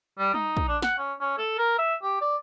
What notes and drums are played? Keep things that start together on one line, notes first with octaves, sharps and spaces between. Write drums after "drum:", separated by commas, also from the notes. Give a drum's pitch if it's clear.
G3
D#4, drum: tom G3
drum: kick
D4
F#5, drum: snare
C#4
C#4
A4
A#4
E5
G4
D5